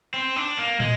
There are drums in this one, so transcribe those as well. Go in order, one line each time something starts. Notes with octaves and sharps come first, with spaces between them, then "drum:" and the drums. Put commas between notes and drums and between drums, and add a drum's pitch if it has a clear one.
C4
D4
A#3
G#3, drum: tom